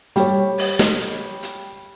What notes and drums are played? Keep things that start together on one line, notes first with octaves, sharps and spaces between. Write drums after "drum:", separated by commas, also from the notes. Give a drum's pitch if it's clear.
G3 C#5, drum: hi-hat
drum: open hi-hat
drum: snare
drum: hi-hat
drum: hi-hat